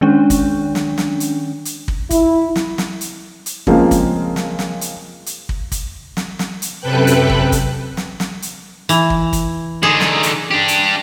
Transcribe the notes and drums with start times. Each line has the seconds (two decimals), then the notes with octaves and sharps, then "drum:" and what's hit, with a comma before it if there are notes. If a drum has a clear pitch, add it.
0.01 D#3 G#3 C#4 D4
0.30 drum: kick, hi-hat
0.75 drum: snare
0.98 drum: snare
1.20 drum: hi-hat
1.65 drum: hi-hat
1.88 drum: kick
2.10 E4, drum: kick, hi-hat
2.56 drum: snare
2.78 drum: snare
3.01 drum: hi-hat
3.46 drum: hi-hat
3.67 C#3 F3 G#3 A#3 C4, drum: kick
3.91 drum: kick, hi-hat
4.36 drum: snare
4.59 drum: snare
4.81 drum: hi-hat
5.26 drum: hi-hat
5.49 drum: kick
5.72 drum: kick, hi-hat
6.17 drum: snare
6.39 drum: snare
6.62 drum: hi-hat
6.81 F#2 C3 A4 B4 G5 F#6
7.07 drum: hi-hat
7.30 drum: kick
7.52 drum: kick, hi-hat
7.97 drum: snare
8.20 drum: snare
8.42 drum: hi-hat
8.89 E3, drum: hi-hat
9.10 drum: kick
9.33 drum: kick, hi-hat
9.83 D3 D#4 G#4
10.00 drum: snare
10.23 drum: hi-hat
10.51 D4 G4
10.68 drum: hi-hat